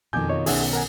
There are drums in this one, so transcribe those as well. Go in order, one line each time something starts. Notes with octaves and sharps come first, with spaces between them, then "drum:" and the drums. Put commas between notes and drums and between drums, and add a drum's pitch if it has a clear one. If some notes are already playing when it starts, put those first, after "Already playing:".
F2 B2 D#3 G#5 D6 G6
F4 C#5 D#5
B1 C#4 G#4 E5 F#5, drum: open hi-hat
A#4 F#5 G#5